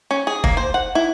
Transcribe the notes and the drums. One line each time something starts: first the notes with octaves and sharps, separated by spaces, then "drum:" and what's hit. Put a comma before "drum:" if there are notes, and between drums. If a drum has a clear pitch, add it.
C#4
G#4
A#3, drum: kick
C5
F#5
E4